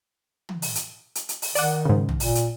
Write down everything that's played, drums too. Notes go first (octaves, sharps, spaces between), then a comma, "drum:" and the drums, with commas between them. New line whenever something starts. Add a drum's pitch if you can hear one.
drum: tom
drum: open hi-hat
drum: hi-hat
drum: hi-hat
drum: hi-hat
drum: open hi-hat
D#3 D5 F#5, drum: open hi-hat
G#2 C#3
drum: tom
A#2, drum: open hi-hat
drum: hi-hat